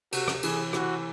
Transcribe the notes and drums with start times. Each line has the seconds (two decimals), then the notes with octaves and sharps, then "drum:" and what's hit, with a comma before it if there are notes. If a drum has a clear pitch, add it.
0.12 C3 F#4, drum: cymbal
0.28 drum: rim click
0.43 E3 G#4, drum: cymbal
0.73 E3 F#4, drum: rim click